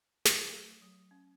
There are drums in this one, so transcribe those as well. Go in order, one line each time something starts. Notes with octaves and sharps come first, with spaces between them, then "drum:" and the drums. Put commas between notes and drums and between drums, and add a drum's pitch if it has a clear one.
F#3, drum: snare
A3
F#3
C#4